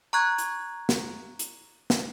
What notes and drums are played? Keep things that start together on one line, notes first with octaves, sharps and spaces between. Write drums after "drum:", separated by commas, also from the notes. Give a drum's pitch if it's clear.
A#5 C#6 F#6 G#6
drum: hi-hat
drum: snare
drum: hi-hat
drum: snare